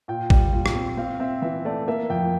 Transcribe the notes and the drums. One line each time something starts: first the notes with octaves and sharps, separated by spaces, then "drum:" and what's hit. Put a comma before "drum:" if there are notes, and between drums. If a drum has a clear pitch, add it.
A#2 G5
G3, drum: kick
A#2
drum: rim click
C4
C4 F5
C4 E5
E3 E5
A3 D5
A#3 E5
F2 G5